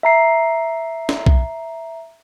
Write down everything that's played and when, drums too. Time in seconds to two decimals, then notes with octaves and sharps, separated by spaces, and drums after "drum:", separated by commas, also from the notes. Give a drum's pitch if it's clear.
0.03 E5 A#5 C7
1.09 drum: snare
1.26 drum: kick B1